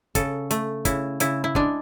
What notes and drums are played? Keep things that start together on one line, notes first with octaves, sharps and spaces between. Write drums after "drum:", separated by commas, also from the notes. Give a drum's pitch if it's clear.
C#3 A4, drum: kick, hi-hat
A3, drum: hi-hat
C#3 E4, drum: kick, hi-hat
C#3 E4, drum: hi-hat
E4
G#3 D4, drum: kick